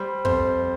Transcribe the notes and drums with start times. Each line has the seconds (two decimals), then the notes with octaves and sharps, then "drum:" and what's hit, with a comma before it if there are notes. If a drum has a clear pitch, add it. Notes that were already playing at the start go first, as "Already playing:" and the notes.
Already playing: G3 C5
0.25 F2 C5, drum: kick